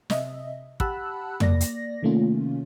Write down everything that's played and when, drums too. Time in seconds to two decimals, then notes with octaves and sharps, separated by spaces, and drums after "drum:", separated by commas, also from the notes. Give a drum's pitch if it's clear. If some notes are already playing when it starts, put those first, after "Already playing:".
0.10 C3 D#5 E5, drum: snare
0.80 G4 F#5 A5 B5 E6 F#6, drum: kick
1.40 A#3 D5 A#6, drum: tom
1.61 drum: hi-hat
2.03 C3 D#3 A3 A#3 C#4 F4